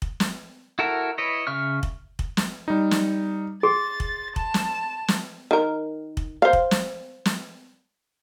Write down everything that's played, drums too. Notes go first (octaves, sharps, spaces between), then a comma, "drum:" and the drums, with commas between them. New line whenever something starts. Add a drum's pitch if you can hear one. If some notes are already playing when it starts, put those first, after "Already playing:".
drum: kick
drum: snare
E4 F#4 A4 A#4 E5
E4 B4 C#5 D#5
C#3 E5 C#6 F6
drum: kick
drum: kick
drum: snare
G3 D#4
drum: snare
G#4 C6 A6
drum: kick
A5, drum: kick
drum: snare
drum: snare
D#3 A#4
drum: kick
C5 F5
drum: kick
drum: snare
drum: snare